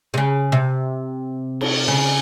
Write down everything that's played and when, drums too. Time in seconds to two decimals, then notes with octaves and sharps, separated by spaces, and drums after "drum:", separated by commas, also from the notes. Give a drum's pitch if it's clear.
0.14 C3
0.18 C#3
0.52 C3
1.61 drum: cymbal
1.88 C#3